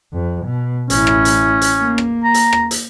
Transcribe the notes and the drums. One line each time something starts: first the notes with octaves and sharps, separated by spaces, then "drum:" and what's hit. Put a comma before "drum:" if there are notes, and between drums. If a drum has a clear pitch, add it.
F2
B2
A1 C#4 E4, drum: hi-hat
drum: rim click
drum: hi-hat
drum: hi-hat
A#3
drum: rim click
A#5
drum: hi-hat
drum: rim click
drum: hi-hat